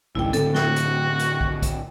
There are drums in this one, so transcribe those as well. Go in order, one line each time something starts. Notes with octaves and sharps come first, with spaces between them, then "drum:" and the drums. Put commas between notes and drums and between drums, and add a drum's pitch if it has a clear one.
G#1 C#2 E4 G5
A2 D3 C4 A4, drum: hi-hat
F#4 G5, drum: snare
drum: hi-hat
drum: hi-hat
drum: kick
drum: kick, hi-hat